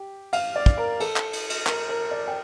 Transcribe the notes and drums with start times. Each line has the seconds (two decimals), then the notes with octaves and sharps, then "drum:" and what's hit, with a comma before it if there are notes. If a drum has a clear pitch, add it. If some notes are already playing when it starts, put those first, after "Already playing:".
Already playing: G4
0.33 F5, drum: cymbal
0.56 D5
0.66 drum: kick
0.77 A#4
1.00 A4, drum: cymbal
1.16 drum: clap
1.33 drum: cymbal
1.50 drum: cymbal
1.67 A#4, drum: clap
1.89 A#4
2.11 D5
2.27 G5